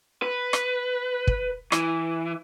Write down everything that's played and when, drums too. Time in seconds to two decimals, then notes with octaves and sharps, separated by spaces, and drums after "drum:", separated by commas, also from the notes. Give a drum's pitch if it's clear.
0.22 B4
0.53 drum: rim click
1.27 drum: kick
1.72 E3, drum: rim click